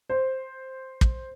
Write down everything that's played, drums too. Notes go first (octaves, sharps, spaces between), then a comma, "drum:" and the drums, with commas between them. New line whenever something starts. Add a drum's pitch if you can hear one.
C5
drum: kick